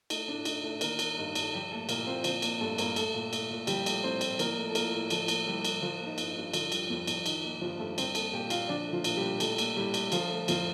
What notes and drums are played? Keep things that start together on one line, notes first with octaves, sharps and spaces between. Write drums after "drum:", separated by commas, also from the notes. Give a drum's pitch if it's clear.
A3 D#4, drum: cymbal
A2 D4
A3 D#4, drum: cymbal
A2 A3 A4
D#3 A#3 A#4, drum: cymbal
A#3, drum: cymbal
G2 D#4
G2, drum: cymbal
A4
F3 G3 G4
A3 A#3 A4
A#2 A#3 A#4, drum: cymbal
A#2 C4 C5
F3 C4 C5, drum: cymbal
A#3, drum: cymbal
G2 A3 A4
G2 A#3 A#4, drum: cymbal
A3 A4, drum: cymbal
A#2
A3, drum: cymbal
A#2
F3 G3 G4, drum: cymbal
A3, drum: cymbal
A2 C4 C5
A2, drum: cymbal
F3 A#3 A#4, drum: cymbal
A3
A4
A2 A#3 A#4, drum: cymbal
A2
F3 A3 A4, drum: cymbal
A#3, drum: cymbal
A2 G3 G4
A2, drum: cymbal
F3 F4
A#3
D#4
G2, drum: cymbal
D#4
G2
D3 F3 F4, drum: cymbal
G3, drum: cymbal
F2
F2, drum: cymbal
D#3 D#4, drum: cymbal
A#3 D#4
G2 F3 F4
G2 A3 A4
G3 C4 C5, drum: cymbal
A#3 A4 A5, drum: cymbal
A#2 G4 G5
A#2 F4 F5, drum: cymbal
F3 D4 D5
A3
F3 F4
A#2, drum: cymbal
G3 G4
A#2
G3 A3 A4, drum: cymbal
A#3, drum: cymbal
A2 G3 G4
A2, drum: cymbal
D3 F3 F4, drum: cymbal
A3
F2 F3 F4, drum: cymbal